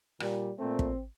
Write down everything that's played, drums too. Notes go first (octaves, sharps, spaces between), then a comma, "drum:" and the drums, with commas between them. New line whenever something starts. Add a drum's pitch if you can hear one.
A#2 G3, drum: rim click
A#2 A3 C4
drum: kick